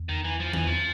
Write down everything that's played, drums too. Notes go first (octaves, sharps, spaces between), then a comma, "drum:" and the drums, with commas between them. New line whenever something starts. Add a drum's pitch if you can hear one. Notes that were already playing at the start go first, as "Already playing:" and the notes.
Already playing: E2
D#3
E3
F3
E2 E3, drum: tom D#3
F3